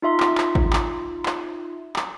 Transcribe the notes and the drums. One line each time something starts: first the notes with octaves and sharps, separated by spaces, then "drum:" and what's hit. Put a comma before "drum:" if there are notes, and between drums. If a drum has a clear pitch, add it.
D#4 F4 E5 C6
drum: clap
drum: clap
drum: kick G#1
drum: clap
drum: clap
drum: clap